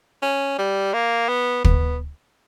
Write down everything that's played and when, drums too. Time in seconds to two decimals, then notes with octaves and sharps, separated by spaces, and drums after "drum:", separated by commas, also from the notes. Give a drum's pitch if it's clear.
0.22 C#4
0.58 G3
0.93 A#3
1.29 B3
1.64 B3, drum: kick